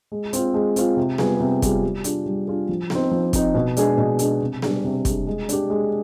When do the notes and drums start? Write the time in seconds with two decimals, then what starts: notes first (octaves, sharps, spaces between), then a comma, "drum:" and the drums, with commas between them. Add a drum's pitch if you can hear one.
0.12 G#3
0.33 C4 F4, drum: hi-hat
0.54 G#3
0.76 C4 F4, drum: hi-hat
0.97 C3
1.18 G3 B3 F4 G#4, drum: snare B3
1.40 C3
1.62 G3 B3 F4 G#4, drum: kick, hi-hat
1.83 G3
2.04 D4 F4 G#4, drum: hi-hat
2.26 G3
2.48 D4 F4 G#4
2.69 F3
2.90 C4 D#4, drum: snare B3
3.11 F3
3.33 C4 D#4, drum: kick, hi-hat
3.54 B2
3.77 G#3 D4 G#4, drum: hi-hat
3.98 B2
4.19 G#3 D4 G#4, drum: hi-hat
4.41 C3
4.62 G3 D4 G#4, drum: snare B3
4.84 C3
5.05 G3 D4 G#4, drum: kick, hi-hat
5.27 G#3
5.49 D4 G4, drum: hi-hat
5.70 G#3